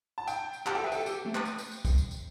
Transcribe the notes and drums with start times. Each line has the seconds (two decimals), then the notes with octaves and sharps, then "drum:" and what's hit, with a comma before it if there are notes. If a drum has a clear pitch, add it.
0.18 A5
0.28 G5, drum: tambourine
0.53 drum: tambourine
0.66 G4 A5, drum: clap
0.75 A4 G5
0.84 B4 E5
0.92 A4 G5, drum: tambourine
1.06 G4, drum: tambourine
1.26 A3
1.35 B4, drum: clap
1.45 drum: tambourine
1.58 drum: tambourine
1.72 drum: tambourine
1.85 drum: kick, tambourine
1.98 drum: tambourine
2.11 drum: tambourine